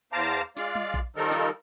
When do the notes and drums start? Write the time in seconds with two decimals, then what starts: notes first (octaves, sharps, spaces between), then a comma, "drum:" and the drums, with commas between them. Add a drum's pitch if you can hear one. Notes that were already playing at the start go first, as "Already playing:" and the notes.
0.13 E2 C5 F5 A5 A#5 D6
0.57 G#3 F4 D5 F5, drum: snare
0.75 drum: tom G3
0.94 drum: kick A#1
1.16 D#3 F3 G3 D#4 A4 A#4
1.31 drum: snare